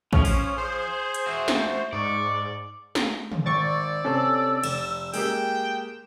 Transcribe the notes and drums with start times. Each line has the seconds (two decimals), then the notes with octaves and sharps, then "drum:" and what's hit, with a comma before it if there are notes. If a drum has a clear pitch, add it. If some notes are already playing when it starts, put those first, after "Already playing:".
0.13 F3 C#4, drum: kick A1
0.25 drum: open hi-hat
0.58 G#4 C5
1.14 drum: hi-hat
1.26 F#4 E5
1.48 drum: snare
1.93 G#2 D5 C#6
2.95 drum: snare
3.32 drum: tom
3.46 G#1 D5 C#6 D6 E6 A6
4.05 C3 C#4 A4 C5
4.63 F1 E7, drum: cymbal
5.14 G#3 A#3 G4 G5, drum: open hi-hat